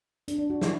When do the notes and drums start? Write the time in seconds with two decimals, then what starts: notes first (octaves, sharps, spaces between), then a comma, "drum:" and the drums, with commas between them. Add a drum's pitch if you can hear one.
0.28 D4, drum: hi-hat
0.39 D4
0.50 F#4
0.61 E4, drum: snare